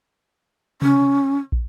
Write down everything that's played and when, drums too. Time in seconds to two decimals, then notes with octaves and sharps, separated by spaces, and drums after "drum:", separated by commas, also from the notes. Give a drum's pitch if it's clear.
0.82 C#4, drum: tom C3
1.52 drum: kick